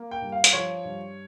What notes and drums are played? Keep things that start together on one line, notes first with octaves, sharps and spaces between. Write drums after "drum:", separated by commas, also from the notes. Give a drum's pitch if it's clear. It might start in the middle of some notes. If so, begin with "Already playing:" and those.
Already playing: A#3
G5
G2
F5
drum: hi-hat
F3 C#5
G2